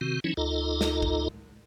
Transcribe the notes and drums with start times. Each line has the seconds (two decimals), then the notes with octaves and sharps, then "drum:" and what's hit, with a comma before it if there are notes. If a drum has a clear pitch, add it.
0.01 C3 D#3 C4 F#4
0.24 E3 F#3 C#4 D#4 E4
0.37 D2 D#4 F4 A4 D#5 A#5
0.81 drum: snare
1.02 drum: kick A1